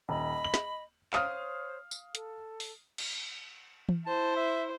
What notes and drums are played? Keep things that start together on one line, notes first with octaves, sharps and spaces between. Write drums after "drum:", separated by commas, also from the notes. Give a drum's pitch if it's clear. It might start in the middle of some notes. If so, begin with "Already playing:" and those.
D#1 D#5 B5
F#7
drum: snare
C5 C#5 F5 D#6 F6, drum: clap
drum: tambourine
A4, drum: hi-hat
drum: open hi-hat
drum: cymbal
drum: tom E3
E4 C5 A5
E5